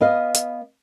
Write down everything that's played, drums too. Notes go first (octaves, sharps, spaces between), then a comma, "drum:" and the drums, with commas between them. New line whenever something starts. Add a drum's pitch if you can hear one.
B3 D#5 F5
drum: hi-hat